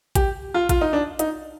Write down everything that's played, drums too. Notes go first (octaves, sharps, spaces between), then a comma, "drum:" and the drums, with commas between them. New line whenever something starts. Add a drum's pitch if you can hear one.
G4, drum: kick, hi-hat
F4
F4, drum: kick, hi-hat
D#4
D4
D#4, drum: hi-hat